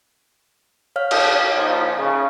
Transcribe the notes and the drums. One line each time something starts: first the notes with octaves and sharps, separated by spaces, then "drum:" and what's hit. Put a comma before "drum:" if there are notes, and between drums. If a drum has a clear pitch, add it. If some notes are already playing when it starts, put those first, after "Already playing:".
C#5 F5 F6
drum: cymbal
A#2 F3 D#4
C#3